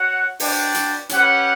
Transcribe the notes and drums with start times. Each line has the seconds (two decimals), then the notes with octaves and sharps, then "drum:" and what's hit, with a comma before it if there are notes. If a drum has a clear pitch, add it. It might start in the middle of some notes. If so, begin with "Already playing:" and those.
Already playing: F#4 C#5 F#5
0.40 D4 F#4 B4 D5 G5, drum: open hi-hat
0.74 drum: hi-hat
1.09 C#4 G4 B4 F#5, drum: hi-hat